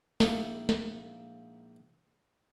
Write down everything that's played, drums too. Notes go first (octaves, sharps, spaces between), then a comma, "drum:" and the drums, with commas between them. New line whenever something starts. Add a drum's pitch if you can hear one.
A#1 G#2 F3 A#3 E4 D6, drum: snare
drum: snare